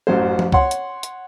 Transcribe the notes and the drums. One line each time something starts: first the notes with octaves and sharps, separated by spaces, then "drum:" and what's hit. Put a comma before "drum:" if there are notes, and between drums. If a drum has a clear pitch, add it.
A1 F#2 C5
drum: tom F3
C#5 F#5 C6, drum: kick C#2
drum: hi-hat
drum: hi-hat